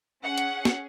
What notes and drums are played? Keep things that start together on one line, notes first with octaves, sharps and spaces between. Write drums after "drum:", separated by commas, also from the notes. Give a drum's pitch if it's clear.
C#4 G#4 F#5
drum: hi-hat
drum: snare